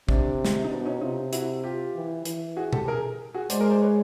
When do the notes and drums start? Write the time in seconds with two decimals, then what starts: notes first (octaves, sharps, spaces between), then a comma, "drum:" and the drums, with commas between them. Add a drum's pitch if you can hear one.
0.09 C3 D4, drum: kick
0.45 drum: snare
0.64 D#4
0.70 B2 D4
0.86 C#4 D#4
1.01 C3 D#4 F4
1.33 E4 F#4, drum: hi-hat
1.64 F4 G4
1.95 E3
2.25 E3, drum: hi-hat
2.57 F#4 G#4
2.73 G4 A4, drum: tom B2
2.88 G#4 A#4
3.34 F#4 G#4
3.50 G#3 C5 D5, drum: hi-hat
3.60 A#4 C5
3.71 C5 D5
3.81 B4 C#5